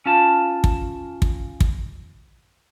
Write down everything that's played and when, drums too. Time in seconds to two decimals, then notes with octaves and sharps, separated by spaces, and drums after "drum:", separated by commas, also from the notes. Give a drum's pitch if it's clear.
0.06 C#4 F4 A5
0.64 drum: kick
1.22 drum: kick
1.60 drum: kick